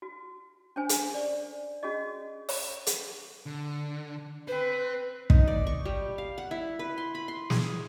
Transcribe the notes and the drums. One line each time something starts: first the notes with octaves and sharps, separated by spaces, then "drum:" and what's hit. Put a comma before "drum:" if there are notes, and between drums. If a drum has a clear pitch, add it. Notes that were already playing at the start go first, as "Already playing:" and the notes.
F#4
C#4 D4 C5 G#5
drum: hi-hat
D5
C#4 F#4 G#4 D#5
drum: open hi-hat
drum: hi-hat
D3
B4 C5 G5
D#4, drum: kick
D5
C#6
G3
F5
F#5
E4
B4
C6
B5
C6
G#4, drum: snare